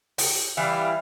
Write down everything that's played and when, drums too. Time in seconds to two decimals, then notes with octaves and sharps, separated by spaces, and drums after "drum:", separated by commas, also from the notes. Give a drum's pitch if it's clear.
0.18 G5, drum: open hi-hat
0.57 E3 G3 E5 F5